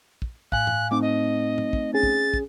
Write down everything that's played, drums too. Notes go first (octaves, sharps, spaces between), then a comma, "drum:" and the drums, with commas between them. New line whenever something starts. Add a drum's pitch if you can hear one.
drum: kick
A2 F5 G#5 F#6, drum: kick
drum: tom
A3 C4 D#4 D6
D#5
drum: tom
drum: kick
C#4 G#4 A6
drum: kick
drum: kick